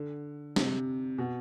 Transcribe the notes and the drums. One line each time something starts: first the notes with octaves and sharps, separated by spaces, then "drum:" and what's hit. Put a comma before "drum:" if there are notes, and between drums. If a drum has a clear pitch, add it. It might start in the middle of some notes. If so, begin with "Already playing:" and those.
Already playing: D3
C3, drum: snare
B2